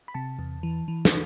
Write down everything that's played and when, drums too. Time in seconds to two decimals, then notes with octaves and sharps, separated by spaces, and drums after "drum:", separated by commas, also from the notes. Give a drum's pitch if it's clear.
0.08 B5
0.14 C3 A5
0.39 E2
0.63 E3
0.88 E3
1.05 drum: snare